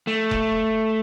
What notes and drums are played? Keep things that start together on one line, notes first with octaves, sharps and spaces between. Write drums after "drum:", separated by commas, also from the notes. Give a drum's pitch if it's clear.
A3
drum: kick E1